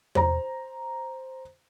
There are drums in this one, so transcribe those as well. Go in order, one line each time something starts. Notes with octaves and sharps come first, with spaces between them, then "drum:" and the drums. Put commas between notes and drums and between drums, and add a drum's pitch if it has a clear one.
C5 A#5, drum: tom E2